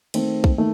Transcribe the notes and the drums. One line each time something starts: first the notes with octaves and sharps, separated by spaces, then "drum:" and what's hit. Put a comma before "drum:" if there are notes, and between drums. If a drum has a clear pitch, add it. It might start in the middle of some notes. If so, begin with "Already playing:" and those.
D#3 A3 C4, drum: cymbal
drum: kick
D#3 A3